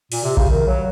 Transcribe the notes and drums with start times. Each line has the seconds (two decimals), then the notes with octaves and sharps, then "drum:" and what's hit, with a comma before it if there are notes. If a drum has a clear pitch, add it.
0.12 A#2, drum: open hi-hat
0.24 C3
0.37 C#3, drum: kick A#1
0.50 D#3
0.67 F#3